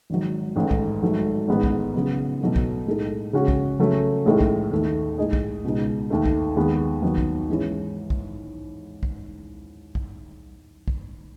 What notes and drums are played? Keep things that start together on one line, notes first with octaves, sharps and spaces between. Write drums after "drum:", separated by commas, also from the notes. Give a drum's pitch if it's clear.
G#1 G#2 D#3 F#3
A1 G#2 D#3 A3
drum: kick
G#1 G#2 F#3 A3
A1 G#2 D#3 G#3 B3
drum: kick
C#3 F#3 B3
B2 F#3 A3 D#4
drum: kick
A2 G#3 D#4 A4
C#3 G#3 C#4 F#4
drum: kick
C#3 F#3 A3 C#4
A1 A2 G#3 D#4 A4
drum: kick
D#2 D#3 A3
A2 G#3 D#4 G#4 D#5
drum: kick
C#2 B2 G#3 D#4
D#2 D#3 A3
drum: kick
D#2 D#3 G#3 B3
D#2 D#3 F#3 B3
drum: kick
G#2 E3 G#3 C#4
drum: kick
drum: kick
drum: kick
drum: kick